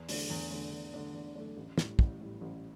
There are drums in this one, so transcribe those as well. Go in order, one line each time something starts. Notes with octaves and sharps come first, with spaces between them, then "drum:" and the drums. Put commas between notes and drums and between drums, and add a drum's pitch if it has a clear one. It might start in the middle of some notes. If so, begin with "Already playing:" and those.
Already playing: E2
D3 A3 D4, drum: open hi-hat
E2
D3 A3 D4
E2
D3 A3 D4
E2
D3 A3 D4
A1
A2 G3, drum: snare
A1, drum: kick
A2 G3
A1